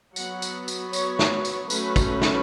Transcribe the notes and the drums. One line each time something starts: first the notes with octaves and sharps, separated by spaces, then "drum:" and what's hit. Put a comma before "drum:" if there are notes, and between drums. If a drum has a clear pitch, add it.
F#3 B3 F#5, drum: tambourine
drum: tambourine
drum: tambourine
C#5, drum: tambourine
drum: snare
drum: tambourine
F#3 A3 C#4 B4, drum: tambourine
drum: kick, tambourine
B4
drum: snare